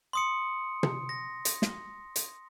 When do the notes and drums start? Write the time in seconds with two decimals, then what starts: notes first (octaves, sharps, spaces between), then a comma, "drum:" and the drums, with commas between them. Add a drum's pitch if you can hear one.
0.13 C6 D#6 C#7
0.83 drum: tom
1.09 A#6
1.45 drum: hi-hat
1.62 drum: snare
2.16 drum: hi-hat